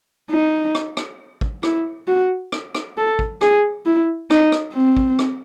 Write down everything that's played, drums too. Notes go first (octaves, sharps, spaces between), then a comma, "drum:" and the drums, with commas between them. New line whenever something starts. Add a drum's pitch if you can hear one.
D#4
drum: rim click
drum: rim click
drum: kick
E4, drum: rim click
F#4
drum: rim click
drum: rim click
A4
drum: kick
G#4, drum: rim click
E4
D#4, drum: rim click
drum: rim click
C4
drum: kick
drum: rim click